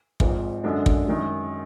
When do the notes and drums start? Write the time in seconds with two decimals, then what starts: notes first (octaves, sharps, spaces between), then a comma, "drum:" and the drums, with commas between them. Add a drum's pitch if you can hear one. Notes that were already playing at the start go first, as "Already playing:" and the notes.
0.20 G#1 G#2 F3, drum: kick
0.64 F#2 D3 G#3 D4
0.86 drum: kick
1.08 F#2 D#3 G#3